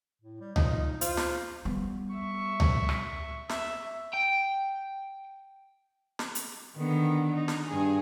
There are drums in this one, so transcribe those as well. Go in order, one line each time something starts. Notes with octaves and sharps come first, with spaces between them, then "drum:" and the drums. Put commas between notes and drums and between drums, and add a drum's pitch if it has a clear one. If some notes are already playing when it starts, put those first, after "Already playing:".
A2
G3
D#4 F4, drum: tom C#2
F4 C5, drum: hi-hat
drum: snare
G3 B3
E5 C#6
drum: tom C#2
drum: rim click
E5, drum: snare
G5
drum: snare
drum: hi-hat
D3 D#3 B3
D#4
drum: snare
G2 G#4